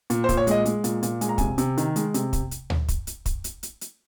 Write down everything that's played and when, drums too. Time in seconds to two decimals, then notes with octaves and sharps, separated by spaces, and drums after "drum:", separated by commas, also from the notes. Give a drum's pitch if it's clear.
0.10 A#2, drum: hi-hat
0.24 C5
0.29 A#2, drum: kick, hi-hat
0.37 C#5
0.47 G#3 D#5, drum: hi-hat
0.65 G#3, drum: hi-hat
0.84 A#2, drum: hi-hat
1.03 A#2, drum: hi-hat
1.21 G#3 G#5, drum: hi-hat
1.29 A#5
1.38 C3 G#5, drum: kick, hi-hat
1.58 C3, drum: hi-hat
1.78 D#3, drum: hi-hat
1.96 G#3, drum: hi-hat
2.14 C3, drum: hi-hat
2.33 drum: kick, hi-hat
2.51 drum: hi-hat
2.70 drum: tom D2
2.88 drum: kick, hi-hat
3.07 drum: hi-hat
3.26 drum: kick, hi-hat
3.44 drum: hi-hat
3.63 drum: hi-hat
3.81 drum: hi-hat